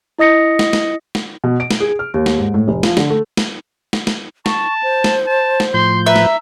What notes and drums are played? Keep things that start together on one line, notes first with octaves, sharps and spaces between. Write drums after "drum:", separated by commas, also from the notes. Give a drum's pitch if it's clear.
E4 D#5 D#6 A#6 C#7
drum: snare
drum: snare
drum: snare
B2
D7
drum: snare
G#4
F6
D#2
drum: snare
G#2
A2
F1
F3, drum: snare
D3, drum: snare
A3
drum: snare
drum: snare
drum: snare
A5 C#6, drum: snare
C5
drum: snare
A5
drum: snare
A2 F3 C6 G6
B4 E5 A#5
drum: snare